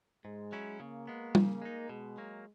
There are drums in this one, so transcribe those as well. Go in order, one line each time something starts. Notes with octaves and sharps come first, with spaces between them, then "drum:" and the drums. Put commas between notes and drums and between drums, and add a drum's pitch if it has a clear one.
G#2 G#3
F#3 C#4 E4
C#3 A#3
G#3 B3
C#3, drum: tom G3
G#3 D#4
B2 G#3
F#3 A#3